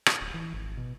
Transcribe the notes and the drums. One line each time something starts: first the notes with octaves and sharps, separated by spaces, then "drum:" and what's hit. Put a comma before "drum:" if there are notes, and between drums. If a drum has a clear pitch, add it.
drum: rim click
D1
E3
G#1
B2